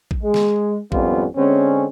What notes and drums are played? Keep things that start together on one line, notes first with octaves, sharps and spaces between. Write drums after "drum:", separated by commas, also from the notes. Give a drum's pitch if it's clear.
drum: kick A1
G#3
drum: snare
G#1 F2 G3 B3 C#4 F4, drum: kick A1
D3 G#3 C4 C#4